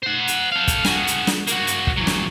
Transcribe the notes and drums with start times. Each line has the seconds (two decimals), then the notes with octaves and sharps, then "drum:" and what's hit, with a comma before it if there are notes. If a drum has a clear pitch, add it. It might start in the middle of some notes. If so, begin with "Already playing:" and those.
0.03 C5 F#5
0.28 drum: hi-hat
0.52 A4 F5
0.67 drum: kick, hi-hat
0.85 F#4 G#4, drum: snare
1.07 drum: hi-hat
1.27 drum: snare
1.47 A#3 F#4, drum: hi-hat
1.67 drum: hi-hat
1.87 drum: kick
1.97 E3 F#3
2.07 drum: snare